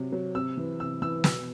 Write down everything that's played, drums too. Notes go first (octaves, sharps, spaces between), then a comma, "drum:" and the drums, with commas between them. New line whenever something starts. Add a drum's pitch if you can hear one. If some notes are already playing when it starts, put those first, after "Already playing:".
Already playing: C3 F#3
F#3
C3 E6
E3
C3 E6
E3 E6
B2 E6, drum: snare